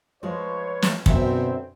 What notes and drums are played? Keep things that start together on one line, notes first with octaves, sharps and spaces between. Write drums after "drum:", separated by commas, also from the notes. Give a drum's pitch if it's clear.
F3 G#3 F4 B4 C#5
drum: snare
F#2 B2 D3 B3 C4 E5, drum: kick